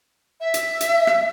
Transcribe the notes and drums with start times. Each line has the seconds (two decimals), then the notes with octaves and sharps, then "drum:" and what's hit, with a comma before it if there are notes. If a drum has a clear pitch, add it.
0.40 E5
0.54 drum: hi-hat
0.80 drum: hi-hat
1.07 drum: rim click